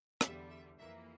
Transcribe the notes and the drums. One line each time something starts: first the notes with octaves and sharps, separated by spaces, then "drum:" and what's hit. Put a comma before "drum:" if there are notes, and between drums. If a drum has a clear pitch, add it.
E2 D3 G3 E5, drum: rim click
E5
F2 E3 A#3 E5